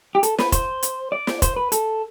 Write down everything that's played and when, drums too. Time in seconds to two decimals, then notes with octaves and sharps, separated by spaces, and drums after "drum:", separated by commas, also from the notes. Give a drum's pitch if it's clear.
0.15 G4
0.23 A4, drum: hi-hat
0.38 B4, drum: snare
0.52 C5, drum: kick F1, hi-hat
0.83 drum: hi-hat
1.12 D5
1.27 drum: snare
1.42 C5, drum: kick F1, hi-hat
1.56 B4
1.72 A4, drum: hi-hat